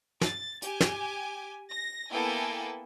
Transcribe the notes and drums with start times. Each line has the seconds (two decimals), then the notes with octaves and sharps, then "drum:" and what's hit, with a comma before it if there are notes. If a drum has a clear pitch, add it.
0.21 A6, drum: snare
0.62 G4 G#5, drum: hi-hat
0.81 drum: snare
1.70 A#6
2.12 A#3 B3 E4 A4 G5 G#5